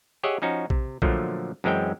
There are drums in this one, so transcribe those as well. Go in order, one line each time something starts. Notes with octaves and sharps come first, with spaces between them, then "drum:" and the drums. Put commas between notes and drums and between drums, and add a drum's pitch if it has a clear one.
G4 G#4 C#5 D#5 E5 F#5
F3 C#4 D#4 F#4
C3, drum: kick A#1
A#2 D3 F3 F#3 A3, drum: kick A#1
F#2 E3 G#3 C4 C#4 G5